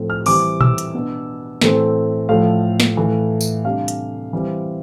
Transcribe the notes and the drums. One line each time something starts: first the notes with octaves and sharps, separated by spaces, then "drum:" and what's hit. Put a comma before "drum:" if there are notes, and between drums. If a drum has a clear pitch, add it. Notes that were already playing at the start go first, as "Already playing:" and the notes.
Already playing: A2 F3 A3 C4
F6
E3 G3 C4 D6, drum: open hi-hat
E6, drum: tom A#2
drum: hi-hat
B2 B3 D4
A2 E3 A3 C4, drum: snare
A2 F3 A3 F5
drum: snare
A2 E3 A3
drum: tambourine
C3 G3 D4 F5
drum: hi-hat
E3 G3 C4